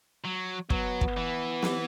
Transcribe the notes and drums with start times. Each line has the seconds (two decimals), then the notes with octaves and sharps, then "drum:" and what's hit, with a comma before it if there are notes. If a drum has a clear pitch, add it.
0.24 F#3
0.70 F#3 B3, drum: kick
1.01 drum: kick
1.17 E3
1.63 drum: snare